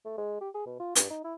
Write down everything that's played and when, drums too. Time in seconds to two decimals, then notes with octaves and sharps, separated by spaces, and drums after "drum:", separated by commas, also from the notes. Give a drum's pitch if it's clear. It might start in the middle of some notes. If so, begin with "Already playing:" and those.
0.05 A3
0.18 G#3
0.41 G4
0.55 G#4
0.66 B2
0.80 F4
0.95 G2, drum: hi-hat
1.11 D#4
1.24 E4